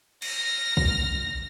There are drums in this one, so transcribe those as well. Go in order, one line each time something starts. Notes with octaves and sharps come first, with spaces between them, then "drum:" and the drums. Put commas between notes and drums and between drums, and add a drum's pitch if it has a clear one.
F6 A#6, drum: cymbal
drum: kick